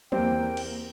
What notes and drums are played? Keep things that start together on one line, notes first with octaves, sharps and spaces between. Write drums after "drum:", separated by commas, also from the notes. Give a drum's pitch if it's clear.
E2 G3 A#3 C4 G5, drum: tom
drum: cymbal